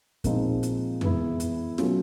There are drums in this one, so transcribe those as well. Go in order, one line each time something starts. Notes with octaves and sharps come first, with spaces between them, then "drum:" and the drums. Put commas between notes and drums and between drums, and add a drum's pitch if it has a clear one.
A#2 F3 G#3 C4 D#4, drum: kick, hi-hat
drum: hi-hat
E3 G#3 B3 E4, drum: tom F2
drum: hi-hat
B2 F#3 A3 C#4 F4, drum: snare